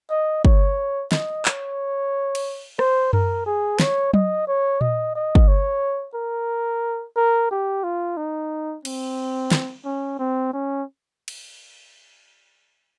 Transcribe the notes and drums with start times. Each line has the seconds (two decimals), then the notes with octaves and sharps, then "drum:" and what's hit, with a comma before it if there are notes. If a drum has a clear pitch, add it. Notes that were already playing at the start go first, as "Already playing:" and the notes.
0.10 D#5
0.45 C#5, drum: kick
1.12 D#5, drum: snare
1.45 C#5, drum: clap
2.35 drum: cymbal
2.79 C5, drum: rim click
3.13 A#4, drum: tom F#2
3.46 G#4
3.80 C#5, drum: snare
4.14 D#5, drum: tom F#3
4.48 C#5
4.81 D#5, drum: tom A#2
5.15 D#5
5.35 drum: kick
5.48 C#5
6.15 A#4
7.16 A#4
7.51 G4
7.84 F4
8.17 D#4
8.85 C4, drum: cymbal
9.52 drum: snare
9.85 C#4
10.19 C4
10.53 C#4
11.28 drum: cymbal